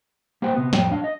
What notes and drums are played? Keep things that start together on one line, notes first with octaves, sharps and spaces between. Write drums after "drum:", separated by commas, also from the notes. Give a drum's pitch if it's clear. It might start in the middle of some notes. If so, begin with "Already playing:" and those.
A#3 G4 C5 F#5 G5
C3 B3
F2 A2 G5, drum: snare
D4 F5
D#5